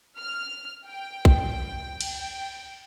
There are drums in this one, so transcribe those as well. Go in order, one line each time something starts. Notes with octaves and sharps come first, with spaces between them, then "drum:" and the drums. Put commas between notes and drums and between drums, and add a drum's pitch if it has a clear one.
F6
G5
drum: kick
drum: cymbal
G5